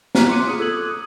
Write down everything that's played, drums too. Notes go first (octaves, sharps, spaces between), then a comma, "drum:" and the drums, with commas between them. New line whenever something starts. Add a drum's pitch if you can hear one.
A#5 F6 F#6 B6 D#7, drum: snare
C6 D6 C#7 D#7
F4 G#4 D#6 D#7
A4 E6 F#6 G#6 F#7
D6 D#6
D#6